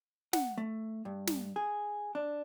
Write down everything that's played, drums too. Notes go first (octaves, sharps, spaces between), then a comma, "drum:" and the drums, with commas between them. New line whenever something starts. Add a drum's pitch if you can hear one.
F#5, drum: snare
A3
G2
drum: snare
G#4
D4